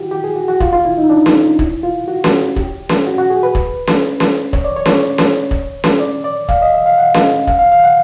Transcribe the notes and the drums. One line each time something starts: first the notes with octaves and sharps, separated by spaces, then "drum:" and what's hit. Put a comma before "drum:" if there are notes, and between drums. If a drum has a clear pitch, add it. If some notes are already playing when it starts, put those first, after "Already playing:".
Already playing: E4 F#4 G4
G4
G#4
F#4
F#4
F4, drum: kick
F4
E4
D#4
D4
drum: snare C#4
E4, drum: kick
F4
F#4
drum: snare C#4
G4, drum: kick
drum: snare C#4
F#4
F#4
G#4
B4
drum: kick
drum: snare C#4
drum: snare C#4
C#5, drum: kick
D5
C#5
drum: snare C#4
drum: snare C#4
drum: kick
drum: snare C#4
D5
D5
F5, drum: kick
D#5
E5
F5
F#5
drum: snare C#4
F5, drum: kick
F5
F5
F#5